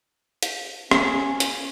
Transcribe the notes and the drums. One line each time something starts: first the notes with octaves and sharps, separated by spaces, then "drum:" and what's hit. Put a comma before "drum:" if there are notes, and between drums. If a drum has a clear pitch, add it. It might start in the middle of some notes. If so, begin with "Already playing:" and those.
drum: hi-hat
C#4, drum: rim click
drum: hi-hat